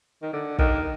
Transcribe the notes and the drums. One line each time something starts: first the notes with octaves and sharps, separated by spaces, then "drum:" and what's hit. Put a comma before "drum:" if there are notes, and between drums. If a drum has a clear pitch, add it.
D#3
D3
D#3, drum: kick